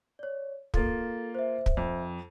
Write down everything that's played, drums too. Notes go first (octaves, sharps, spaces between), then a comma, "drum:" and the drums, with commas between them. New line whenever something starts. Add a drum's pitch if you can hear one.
C#5 D5
A#3 F4 A4 A6, drum: kick
C5 E5
drum: kick
F2